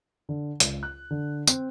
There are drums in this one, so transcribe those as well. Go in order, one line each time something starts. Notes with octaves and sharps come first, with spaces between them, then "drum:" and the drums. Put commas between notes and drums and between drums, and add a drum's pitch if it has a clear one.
D3
C#2, drum: hi-hat
F#6
D3
C4, drum: tambourine